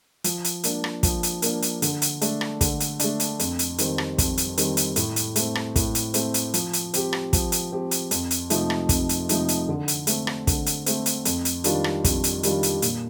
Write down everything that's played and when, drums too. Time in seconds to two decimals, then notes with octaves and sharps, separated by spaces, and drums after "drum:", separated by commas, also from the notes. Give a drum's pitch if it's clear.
0.24 F3, drum: hi-hat
0.44 drum: hi-hat
0.63 A#3 D4, drum: hi-hat
0.84 drum: rim click
1.03 F3, drum: kick, hi-hat
1.23 drum: hi-hat
1.42 A#3 D4, drum: hi-hat
1.62 drum: hi-hat
1.82 D3, drum: hi-hat
2.02 drum: hi-hat
2.21 A3 D4, drum: hi-hat
2.41 drum: rim click
2.61 D3, drum: kick, hi-hat
2.80 drum: hi-hat
2.99 A3 D4, drum: hi-hat
3.20 drum: hi-hat
3.39 F2, drum: hi-hat
3.59 drum: hi-hat
3.78 D#3 G3 C4, drum: hi-hat
3.98 drum: rim click
4.18 F2, drum: kick, hi-hat
4.37 drum: hi-hat
4.57 D#3 G3 C4, drum: hi-hat
4.77 drum: hi-hat
4.96 A2, drum: hi-hat
5.16 drum: hi-hat
5.36 A3 C4, drum: hi-hat
5.55 drum: rim click
5.76 A2, drum: kick, hi-hat
5.95 drum: hi-hat
6.14 A3 C4, drum: hi-hat
6.34 drum: hi-hat
6.54 F3, drum: hi-hat
6.73 drum: hi-hat
6.94 C4 G4, drum: hi-hat
7.13 drum: rim click
7.33 F3, drum: kick, hi-hat
7.52 drum: hi-hat
7.72 C4 G4
7.91 drum: hi-hat
8.11 F2, drum: hi-hat
8.31 drum: hi-hat
8.50 C3 F3 A3 D#4, drum: hi-hat
8.70 drum: rim click
8.89 F2, drum: kick, hi-hat
9.09 drum: hi-hat
9.29 C3 F3 A3 D#4, drum: hi-hat
9.48 drum: hi-hat
9.69 D3
9.88 drum: hi-hat
10.07 A3 C4, drum: hi-hat
10.27 drum: rim click
10.47 D3, drum: kick, hi-hat
10.66 drum: hi-hat
10.86 A3 C4, drum: hi-hat
11.06 drum: hi-hat
11.25 F2, drum: hi-hat
11.45 drum: hi-hat
11.64 D#3 G3 D4 F4, drum: hi-hat
11.84 drum: rim click
12.04 F2, drum: kick, hi-hat
12.24 drum: hi-hat
12.43 D#3 G3 D4 F4, drum: hi-hat
12.63 drum: hi-hat
12.82 A#2, drum: hi-hat